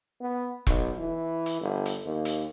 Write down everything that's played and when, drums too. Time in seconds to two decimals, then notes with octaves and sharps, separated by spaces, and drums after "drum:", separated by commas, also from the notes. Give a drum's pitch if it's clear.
0.21 B3
0.67 B1, drum: kick E1
0.98 E3
1.46 drum: hi-hat
1.61 G1
1.86 drum: hi-hat
2.05 D#2
2.25 drum: hi-hat